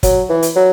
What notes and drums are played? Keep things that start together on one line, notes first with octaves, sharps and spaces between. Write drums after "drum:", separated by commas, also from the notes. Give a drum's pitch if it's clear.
F#3, drum: kick, hi-hat
E3
drum: hi-hat
F#3